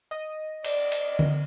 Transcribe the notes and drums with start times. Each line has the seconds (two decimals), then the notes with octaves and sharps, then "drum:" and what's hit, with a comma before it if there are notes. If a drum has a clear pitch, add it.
0.11 D#5
0.65 D5, drum: cymbal
0.92 drum: cymbal
1.19 drum: tom D3